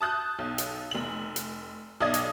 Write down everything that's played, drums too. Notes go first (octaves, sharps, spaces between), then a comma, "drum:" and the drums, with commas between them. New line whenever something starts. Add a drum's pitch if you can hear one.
A5 D#6 F#6 G6
B1
drum: hi-hat
F1 F#7
drum: hi-hat
B1 D5 D#5 D#6 G#6
drum: hi-hat